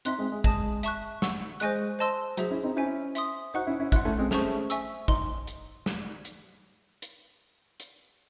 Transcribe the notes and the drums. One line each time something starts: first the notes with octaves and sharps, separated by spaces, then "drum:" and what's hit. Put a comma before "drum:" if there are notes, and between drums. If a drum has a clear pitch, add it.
C4 D#4 E5 C6 F#6, drum: hi-hat
G#3 C4
G#3
G#3 D#5 A5 D#6, drum: kick A1
E5 A5 C#6 F#6, drum: hi-hat
F#5 C#6 E6, drum: snare
G#3 C5 D#5 G#5 C#6 F#6, drum: hi-hat
C5 D#5 A5 C6 E6
F#3 G#4 C5 E5, drum: hi-hat
C#4 E4
C4 D#4
C#4 E4 C5 E5 G#5
E5 C6 D#6, drum: hi-hat
D#4 F#4 C5 F#5 C#6 F#6
C#4 E4
C#4 E4
C#4 E4 F#5 C6 F#6, drum: kick A1, hi-hat
A3 C#4
G#3 C4
A3 C#4 G#4 C5 E5 A5 C#6, drum: snare
E5 G#5 C#6 E6, drum: hi-hat
D#4 C6, drum: kick A1
drum: hi-hat
drum: snare
drum: hi-hat
drum: hi-hat
drum: hi-hat